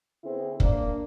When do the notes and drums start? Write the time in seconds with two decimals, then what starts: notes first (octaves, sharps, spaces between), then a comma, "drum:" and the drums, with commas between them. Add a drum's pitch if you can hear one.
0.24 D3 B3 C4 E4 G#4
0.60 A#3 D4, drum: kick